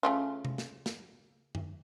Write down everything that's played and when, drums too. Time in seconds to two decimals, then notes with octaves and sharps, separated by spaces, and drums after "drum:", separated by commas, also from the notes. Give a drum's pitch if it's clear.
0.03 C#3 A3 F4
0.45 drum: tom C3
0.58 drum: snare
0.86 drum: snare
1.55 drum: tom F#2